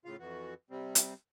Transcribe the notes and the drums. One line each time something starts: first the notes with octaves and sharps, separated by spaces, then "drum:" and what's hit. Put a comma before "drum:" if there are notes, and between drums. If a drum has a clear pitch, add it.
A2 C#3 F4 F5
F2 E3 F#4
C3 G3 C4
drum: hi-hat